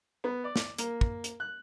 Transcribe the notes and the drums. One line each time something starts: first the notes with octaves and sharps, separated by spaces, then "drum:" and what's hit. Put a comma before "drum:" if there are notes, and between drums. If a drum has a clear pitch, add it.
B3
D5
drum: snare
A#3, drum: hi-hat
drum: kick
drum: hi-hat
F#6